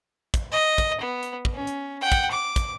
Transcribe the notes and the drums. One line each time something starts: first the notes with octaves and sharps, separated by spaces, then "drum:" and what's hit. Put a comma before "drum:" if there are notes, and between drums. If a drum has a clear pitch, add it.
drum: kick, hi-hat
D#5
drum: kick, hi-hat
B3
drum: hi-hat
drum: kick
C#4
drum: hi-hat
F#5 G5
drum: kick, hi-hat
D6
drum: kick, hi-hat